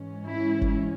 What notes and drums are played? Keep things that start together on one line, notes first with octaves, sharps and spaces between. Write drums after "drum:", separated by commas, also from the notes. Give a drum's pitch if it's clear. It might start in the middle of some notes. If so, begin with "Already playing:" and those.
Already playing: G#2 E3 G#3 C#4
E4
drum: kick F#1